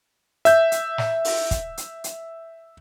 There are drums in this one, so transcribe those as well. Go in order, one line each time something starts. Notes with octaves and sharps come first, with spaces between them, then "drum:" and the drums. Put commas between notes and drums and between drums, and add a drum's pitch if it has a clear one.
E5 G6, drum: hi-hat
drum: hi-hat
drum: snare
drum: open hi-hat
drum: kick, hi-hat
drum: hi-hat
drum: hi-hat